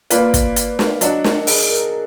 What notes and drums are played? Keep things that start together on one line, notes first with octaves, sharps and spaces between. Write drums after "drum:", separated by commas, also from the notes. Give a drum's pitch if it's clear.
A#3 F4 B4 D5, drum: hi-hat
drum: kick, hi-hat
drum: hi-hat
drum: snare
F#3 D4 F#4 D#5, drum: hi-hat
A#4, drum: snare
G#4, drum: open hi-hat
A#4